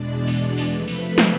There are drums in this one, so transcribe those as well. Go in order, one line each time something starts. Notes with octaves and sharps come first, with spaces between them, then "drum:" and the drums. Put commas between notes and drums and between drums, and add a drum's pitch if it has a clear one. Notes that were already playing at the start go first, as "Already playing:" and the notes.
Already playing: E2 B2 G#3 D4 D5
drum: cymbal
drum: cymbal
C3 F3 A3 B4 B5
drum: cymbal
drum: snare